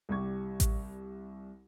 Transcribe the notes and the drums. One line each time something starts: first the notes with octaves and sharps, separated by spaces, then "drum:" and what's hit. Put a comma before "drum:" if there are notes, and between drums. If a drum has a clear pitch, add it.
C2 G3 G4 C#6 G#6
drum: kick A1, hi-hat